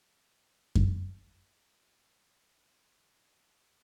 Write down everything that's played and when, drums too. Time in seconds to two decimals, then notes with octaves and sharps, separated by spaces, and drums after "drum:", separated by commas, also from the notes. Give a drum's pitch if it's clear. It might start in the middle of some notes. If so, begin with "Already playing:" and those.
0.20 D6
0.33 E6
0.44 D6
0.75 drum: kick F#2
1.32 B5
1.44 A5
1.56 C#6
1.68 D6
1.81 E6
1.94 E6
2.06 D6
2.19 D6
2.30 E6
2.43 D6
2.80 B5
2.92 C#6
3.05 D6
3.18 E6
3.30 D6
3.42 C#6
3.54 A5
3.64 B5
3.67 C#6